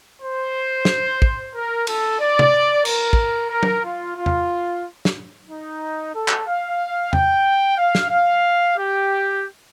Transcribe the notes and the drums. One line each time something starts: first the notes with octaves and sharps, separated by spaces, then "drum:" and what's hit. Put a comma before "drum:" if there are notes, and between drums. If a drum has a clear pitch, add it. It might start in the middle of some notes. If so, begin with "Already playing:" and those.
C5
drum: snare
drum: kick
A#4
A4, drum: cymbal
D5
drum: tom C3
A#4, drum: cymbal
drum: kick
A#4
drum: tom
F4
F4
drum: tom E2
drum: snare
D#4
A4
drum: clap
F5
G5, drum: tom E2
F5
drum: snare
F5
G4